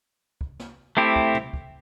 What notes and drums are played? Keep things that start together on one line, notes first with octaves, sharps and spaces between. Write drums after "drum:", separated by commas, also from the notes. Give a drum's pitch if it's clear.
drum: kick
drum: snare
A3 C4 E4 G4
drum: kick
drum: tom
drum: kick